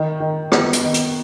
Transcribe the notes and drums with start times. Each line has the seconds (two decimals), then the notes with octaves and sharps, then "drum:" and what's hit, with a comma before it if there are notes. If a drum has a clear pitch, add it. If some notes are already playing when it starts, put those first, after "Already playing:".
Already playing: D#3
0.20 D#3
0.52 B3, drum: rim click
0.73 drum: hi-hat
0.84 D#3
0.94 drum: hi-hat